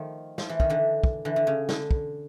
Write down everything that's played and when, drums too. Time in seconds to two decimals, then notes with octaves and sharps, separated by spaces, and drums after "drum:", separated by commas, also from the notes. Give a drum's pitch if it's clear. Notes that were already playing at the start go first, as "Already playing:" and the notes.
Already playing: D#3 F3 A3
0.38 F3, drum: snare
0.49 E3
0.60 D#3, drum: kick
0.70 D3 E3
1.04 drum: kick
1.25 D3 E3
1.36 D3
1.47 C#3
1.69 D3, drum: snare
1.91 drum: kick